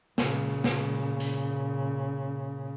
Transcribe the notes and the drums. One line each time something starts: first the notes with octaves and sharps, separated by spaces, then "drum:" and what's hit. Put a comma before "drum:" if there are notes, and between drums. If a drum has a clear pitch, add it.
A#2 C#3, drum: snare
drum: snare
drum: hi-hat